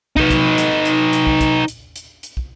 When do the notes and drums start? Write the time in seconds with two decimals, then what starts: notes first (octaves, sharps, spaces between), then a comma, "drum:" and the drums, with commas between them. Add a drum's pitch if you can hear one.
0.17 D#4 B4, drum: kick
0.30 drum: kick, hi-hat
0.58 drum: hi-hat
0.85 drum: hi-hat
1.13 drum: hi-hat
1.27 drum: kick
1.41 drum: kick, hi-hat
1.68 drum: hi-hat
1.96 drum: hi-hat
2.23 drum: hi-hat
2.37 drum: kick